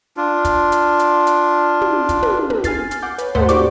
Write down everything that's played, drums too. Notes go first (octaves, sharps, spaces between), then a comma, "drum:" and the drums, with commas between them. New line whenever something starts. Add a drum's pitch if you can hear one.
D4 F4
drum: kick, hi-hat
drum: hi-hat
drum: hi-hat
drum: hi-hat
drum: tom
drum: kick, hi-hat
drum: tom
drum: tom
G#5 F6 A6 C7, drum: kick, hi-hat
drum: hi-hat
F#5 D6 G6
B4 C#5, drum: hi-hat
D#2 G#2 A3 C5 F#5 C6, drum: tom
F#4 G4 C5 D5 C#6 D6, drum: hi-hat